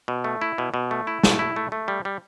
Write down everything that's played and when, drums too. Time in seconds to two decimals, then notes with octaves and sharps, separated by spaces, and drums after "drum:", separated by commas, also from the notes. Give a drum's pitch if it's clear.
0.08 B2
0.24 A3
0.42 E4
0.58 B2
0.74 B2
0.91 A3
1.07 E4
1.23 A3, drum: snare
1.39 E4
1.56 A3
1.72 A3
1.88 G3
2.05 G3